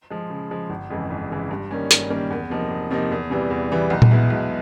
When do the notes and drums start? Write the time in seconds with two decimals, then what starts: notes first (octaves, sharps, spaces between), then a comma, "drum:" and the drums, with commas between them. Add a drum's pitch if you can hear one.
0.10 F3 G#3
0.30 C#3
0.51 F3 G#3
0.70 G1
0.90 F2 C#3 E3 G#3
1.10 G1
1.30 F2 C#3 E3 G#3
1.51 G2
1.71 D#3 G3 A#3 C#4
1.91 G2, drum: hi-hat
2.10 D#3 G3 A#3 C#4
2.30 E2
2.50 C3 F3 A#3 D#4
2.70 E2
2.91 C3 F3 A#3 D#4
3.11 E2
3.30 C3 E3 G3 B3
3.50 E2
3.71 C3 E3 G3 B3
3.90 B1
4.02 drum: tom A#2
4.11 B2 G#3 B3 E4
4.30 B1